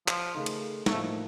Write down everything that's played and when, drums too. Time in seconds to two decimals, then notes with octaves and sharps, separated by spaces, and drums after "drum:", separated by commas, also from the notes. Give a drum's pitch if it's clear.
0.08 F3, drum: clap
0.35 C#3 A3 D#4 A#4
0.46 drum: cymbal
0.86 F#3, drum: snare
0.90 A2 F3 A3 A#3 D#4